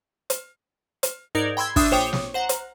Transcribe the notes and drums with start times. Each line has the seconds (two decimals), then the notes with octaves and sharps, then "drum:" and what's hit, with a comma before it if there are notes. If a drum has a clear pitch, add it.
0.30 drum: hi-hat
1.03 drum: hi-hat
1.35 G#2 D#4 A#4 D5 G#6
1.57 G5 B5 C6 E6 G#6
1.76 D4 E5 D#6 E6 G6 C7, drum: kick, open hi-hat
1.91 A#1 C5 C#5 G5 D6 D#6
2.13 drum: snare
2.34 C5 F#5 A#5
2.49 drum: hi-hat